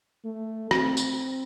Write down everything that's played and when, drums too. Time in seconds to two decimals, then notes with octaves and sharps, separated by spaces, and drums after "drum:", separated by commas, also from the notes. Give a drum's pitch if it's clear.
0.25 A3
0.71 C4, drum: rim click
0.97 drum: tambourine